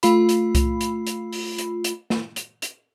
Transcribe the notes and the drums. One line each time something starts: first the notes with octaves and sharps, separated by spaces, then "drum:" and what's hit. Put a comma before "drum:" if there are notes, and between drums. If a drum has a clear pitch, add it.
A3 F4 B5, drum: hi-hat
drum: hi-hat
drum: kick C2, hi-hat
drum: hi-hat
drum: hi-hat
drum: open hi-hat
drum: hi-hat
drum: hi-hat
drum: snare
drum: hi-hat
drum: hi-hat